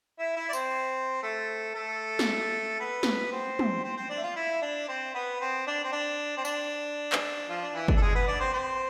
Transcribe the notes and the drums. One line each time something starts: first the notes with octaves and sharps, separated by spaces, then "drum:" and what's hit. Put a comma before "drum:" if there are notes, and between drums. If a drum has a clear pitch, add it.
E4 E5
E4 E5
D5
C4 C5, drum: tambourine
A3 A4
A3 A4
drum: snare
B3 B4
drum: snare
C4 C5
drum: tom
C4 C5
C4 C5
D4 D5
E5
F4 F5
E4 E5
D4 D5
C4 C5
B3 B4
C4
D4
C4
D4
C4
D4, drum: tambourine
drum: clap
F3 F4
D4
E3 E4
D4, drum: kick
A4
G#3 G#4
B3 B4
D4 D5
C4 C5
C4 C5